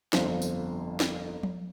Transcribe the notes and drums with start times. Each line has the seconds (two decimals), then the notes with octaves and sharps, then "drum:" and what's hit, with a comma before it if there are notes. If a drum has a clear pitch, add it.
0.13 G1 F2 F4 C5, drum: snare
0.42 drum: tambourine
1.00 drum: snare
1.43 drum: tom F3